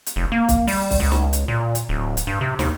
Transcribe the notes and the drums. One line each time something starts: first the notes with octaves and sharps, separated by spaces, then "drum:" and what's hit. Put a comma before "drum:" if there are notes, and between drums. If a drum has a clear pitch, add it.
drum: hi-hat
F1
A#3
drum: kick, hi-hat
G3, drum: open hi-hat
drum: kick, open hi-hat
C#2
drum: snare
drum: hi-hat
A#2
drum: hi-hat
D1
drum: hi-hat
G2
C3
D#2, drum: snare